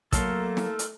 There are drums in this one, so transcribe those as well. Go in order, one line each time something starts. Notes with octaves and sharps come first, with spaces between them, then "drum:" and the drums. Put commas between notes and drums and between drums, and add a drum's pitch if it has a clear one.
F#3 A3 A#3 A4 A#4 C#5 A5 C6, drum: kick, hi-hat
drum: snare
drum: hi-hat